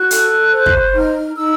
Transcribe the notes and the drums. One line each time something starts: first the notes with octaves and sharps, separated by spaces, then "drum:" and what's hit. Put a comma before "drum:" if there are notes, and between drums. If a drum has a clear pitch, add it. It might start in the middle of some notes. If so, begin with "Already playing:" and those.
Already playing: F#4 F#6
A4, drum: hi-hat
C5
drum: kick
D#4 F6
D#4 E6